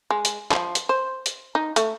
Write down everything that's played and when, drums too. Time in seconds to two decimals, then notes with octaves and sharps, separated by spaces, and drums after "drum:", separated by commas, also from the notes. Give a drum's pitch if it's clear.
0.10 G#3
0.25 drum: hi-hat
0.51 F3, drum: clap
0.75 drum: hi-hat
0.89 C5
1.26 drum: hi-hat
1.55 D#4
1.76 A3, drum: hi-hat